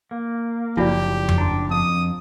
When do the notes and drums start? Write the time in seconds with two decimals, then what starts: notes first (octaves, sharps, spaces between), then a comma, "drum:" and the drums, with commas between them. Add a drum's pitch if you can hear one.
0.11 A#3
0.77 F#1 C2 F3 E4 F#4 G4 D5
1.29 drum: tom F2
1.38 D4 A#5 C6
1.71 F2 D#6